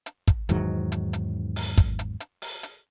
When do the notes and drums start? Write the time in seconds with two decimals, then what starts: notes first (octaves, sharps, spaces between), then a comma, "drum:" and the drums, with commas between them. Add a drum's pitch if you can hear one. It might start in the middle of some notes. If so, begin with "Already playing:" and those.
0.06 drum: hi-hat
0.28 drum: kick, hi-hat
0.49 E2 G#2 D#3 F#3, drum: hi-hat
0.92 drum: hi-hat
1.13 drum: hi-hat
1.56 drum: open hi-hat
1.78 drum: kick, hi-hat
1.99 drum: hi-hat
2.20 drum: hi-hat
2.42 drum: open hi-hat
2.63 drum: hi-hat